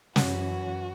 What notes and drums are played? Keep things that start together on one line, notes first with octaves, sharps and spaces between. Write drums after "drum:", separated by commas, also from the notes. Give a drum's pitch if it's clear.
F#2 E3 C#4 F#4, drum: snare